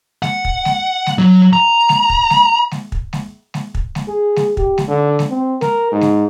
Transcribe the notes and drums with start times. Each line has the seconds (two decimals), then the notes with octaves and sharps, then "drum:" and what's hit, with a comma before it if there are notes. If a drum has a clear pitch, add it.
0.22 F#5, drum: snare G#3
0.45 drum: kick
0.65 drum: snare G#3
1.06 drum: snare G#3
1.18 F#3
1.53 A#5
1.89 drum: snare G#3
2.10 drum: kick
2.30 drum: snare G#3
2.71 drum: snare G#3
2.92 drum: kick
3.13 drum: snare G#3
3.54 drum: snare G#3
3.75 drum: kick
3.95 drum: snare G#3
4.08 G#4
4.36 drum: snare G#3
4.57 G4, drum: kick
4.78 drum: snare G#3
4.88 D3
5.19 drum: snare G#3
5.31 C4
5.61 A#4, drum: snare G#3
5.92 G#2
6.01 drum: snare G#3